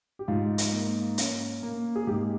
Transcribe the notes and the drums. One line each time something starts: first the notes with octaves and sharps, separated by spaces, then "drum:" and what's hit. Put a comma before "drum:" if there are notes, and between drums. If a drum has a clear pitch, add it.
G4
G#2 F4
drum: hi-hat
A#3
C#4, drum: hi-hat
A#3
G#4
G#2 G4